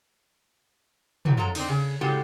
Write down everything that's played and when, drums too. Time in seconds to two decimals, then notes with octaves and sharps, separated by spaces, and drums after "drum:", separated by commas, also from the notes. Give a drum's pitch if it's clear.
1.25 G#2 D#3 E3 F#3, drum: tom
1.37 F3 F#3 G#3 A4 A#5
1.55 C4 D4 D#4, drum: cymbal
1.68 C#3 G#4
2.01 A2 C#3 G#3 F#4 G4 A4